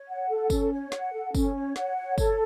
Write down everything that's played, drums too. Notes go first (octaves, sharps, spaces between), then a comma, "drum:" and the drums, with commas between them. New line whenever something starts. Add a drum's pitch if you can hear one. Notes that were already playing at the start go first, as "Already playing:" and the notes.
Already playing: C#5
F#5
A4
C#4, drum: kick, tambourine
C#5
F#5, drum: snare
A4
C#4, drum: kick, tambourine
C#5
F#5, drum: snare
C#5
A4, drum: kick, tambourine